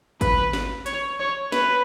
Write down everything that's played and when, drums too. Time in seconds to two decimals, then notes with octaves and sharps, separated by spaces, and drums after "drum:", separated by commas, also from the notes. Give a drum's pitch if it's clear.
0.21 B4, drum: kick G#1, hi-hat
0.53 drum: snare
0.86 C#5, drum: hi-hat
1.20 C#5
1.52 B4, drum: snare